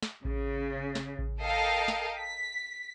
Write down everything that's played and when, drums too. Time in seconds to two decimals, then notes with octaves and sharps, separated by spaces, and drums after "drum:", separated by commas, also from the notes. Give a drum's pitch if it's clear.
0.03 drum: snare
0.25 C#3, drum: kick A1
0.95 drum: snare
1.19 drum: kick A1
1.42 A4 A#4 D#5 F5 G5
1.88 drum: snare
2.20 B6